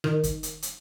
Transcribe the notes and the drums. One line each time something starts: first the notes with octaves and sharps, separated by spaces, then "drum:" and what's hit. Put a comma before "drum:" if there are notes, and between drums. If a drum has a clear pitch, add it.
D#3, drum: rim click
drum: kick, hi-hat
drum: hi-hat
drum: hi-hat